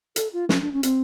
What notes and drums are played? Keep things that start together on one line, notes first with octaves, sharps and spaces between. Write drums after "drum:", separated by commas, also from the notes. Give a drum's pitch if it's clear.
A4, drum: hi-hat
F4
C#4, drum: snare
D4
C#4
C4, drum: hi-hat